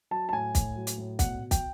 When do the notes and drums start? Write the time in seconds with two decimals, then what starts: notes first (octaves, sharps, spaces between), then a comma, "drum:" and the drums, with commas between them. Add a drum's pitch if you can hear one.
0.11 F#3 A5
0.29 A5
0.33 A2 G#5
0.55 A2, drum: kick, hi-hat
0.76 F#3
0.87 drum: hi-hat
0.97 A2
1.19 B2 F#5, drum: kick, hi-hat
1.40 B2
1.51 G5, drum: kick, hi-hat